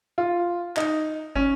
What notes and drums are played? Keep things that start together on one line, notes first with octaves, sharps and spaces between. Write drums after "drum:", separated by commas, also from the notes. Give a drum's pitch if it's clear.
F4
D#4, drum: clap
C#4, drum: kick